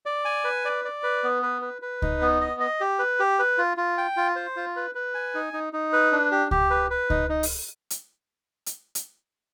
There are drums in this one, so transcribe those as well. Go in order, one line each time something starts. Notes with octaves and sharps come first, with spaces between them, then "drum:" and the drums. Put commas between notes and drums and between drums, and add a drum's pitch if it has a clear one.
D5
G#5
B4
D5
D5
B4
B3
B4
B4
B4
D#4, drum: kick C#2
B3
D#5
D#5
G4
B4
G4
B4
F4
F4
G5
F4
C5
F4
B4
B4
G#5
D#4
D#4
D#4
B4
D4
G4
G4, drum: kick C#2
B4
B4
D#4, drum: kick C#2
D#4
drum: open hi-hat
drum: hi-hat
drum: hi-hat
drum: hi-hat